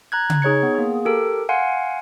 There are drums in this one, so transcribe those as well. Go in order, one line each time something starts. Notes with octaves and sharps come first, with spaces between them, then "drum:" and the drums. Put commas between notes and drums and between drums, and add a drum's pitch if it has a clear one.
A#5 F#6 G#6
drum: tom C#3
D#4 G#4 C#5 G#6 C#7
B3
A#3 G#4
G4 A4 A#4
F5 F#5 G#5 C6